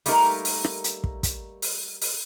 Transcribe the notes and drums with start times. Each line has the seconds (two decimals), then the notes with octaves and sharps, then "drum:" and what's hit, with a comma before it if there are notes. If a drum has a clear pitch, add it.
0.06 G3 A3 A#3 D#4 A#4, drum: open hi-hat
0.45 drum: open hi-hat
0.64 drum: rim click
0.84 drum: hi-hat
1.04 drum: kick
1.23 drum: kick, hi-hat
1.62 drum: open hi-hat
2.02 drum: open hi-hat